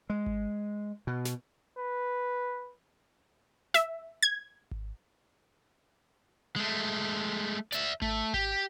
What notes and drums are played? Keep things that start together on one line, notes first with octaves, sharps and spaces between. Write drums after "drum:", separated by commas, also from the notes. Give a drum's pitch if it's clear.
G#3
drum: kick G#1
B2
drum: snare
B4
E5, drum: snare
G#6
drum: kick G#1
G#3 A3
D5 E5, drum: hi-hat
A3, drum: kick G#1
G4, drum: kick G#1